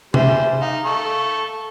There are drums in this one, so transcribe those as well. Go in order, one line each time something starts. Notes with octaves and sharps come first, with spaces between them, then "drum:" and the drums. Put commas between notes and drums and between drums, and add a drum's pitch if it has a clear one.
G3 G#4 C5 E5 G#5, drum: tom
D#4 F5
A4 C#6